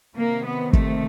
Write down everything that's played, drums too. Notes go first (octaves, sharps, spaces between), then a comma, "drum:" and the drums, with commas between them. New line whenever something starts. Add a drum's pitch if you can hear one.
C3 D#3 A#3
B3
A3, drum: kick